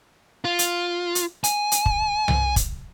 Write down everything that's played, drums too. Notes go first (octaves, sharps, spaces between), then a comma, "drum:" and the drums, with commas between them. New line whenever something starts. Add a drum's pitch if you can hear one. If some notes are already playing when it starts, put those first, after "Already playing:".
F4
drum: hi-hat
drum: hi-hat
G#5, drum: hi-hat
drum: hi-hat
drum: kick
drum: tom C2
drum: kick, hi-hat